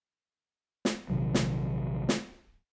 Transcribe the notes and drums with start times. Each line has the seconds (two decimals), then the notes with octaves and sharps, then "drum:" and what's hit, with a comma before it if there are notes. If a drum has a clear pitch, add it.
0.85 drum: snare
1.10 A#1 C3 D#3 F#3
1.34 drum: snare
2.09 drum: snare